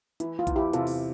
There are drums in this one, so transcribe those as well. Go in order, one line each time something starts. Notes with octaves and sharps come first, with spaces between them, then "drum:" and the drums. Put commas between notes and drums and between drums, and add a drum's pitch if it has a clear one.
E3 E4, drum: hi-hat
F4
E2, drum: kick A#1, hi-hat
E4 G4
C3 F4 A4, drum: hi-hat
drum: open hi-hat